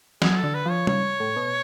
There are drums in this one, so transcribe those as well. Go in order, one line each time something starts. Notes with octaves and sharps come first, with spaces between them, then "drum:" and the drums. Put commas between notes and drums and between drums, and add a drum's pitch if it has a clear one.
F#3 G#4, drum: snare
A4
D3
B4
F3
C#5
C#3 C#5, drum: tom G3
A2
B2